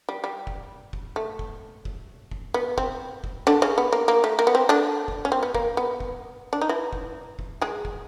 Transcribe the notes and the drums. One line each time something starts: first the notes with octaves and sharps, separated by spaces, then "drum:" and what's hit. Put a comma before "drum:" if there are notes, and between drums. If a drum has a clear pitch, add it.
G3
G3
drum: kick
drum: kick
A3
drum: kick
drum: kick
drum: kick
B3
C4, drum: kick
drum: kick
D3 D4
C#3 C#4
B3
A#3
A#3
A3
A#3
B3
C4
D3 D4
drum: kick
C#4
C4
B3
A#3, drum: kick
B3
drum: kick
D4
D#4
E3 E4
drum: kick
drum: kick
G#3 G#4
drum: kick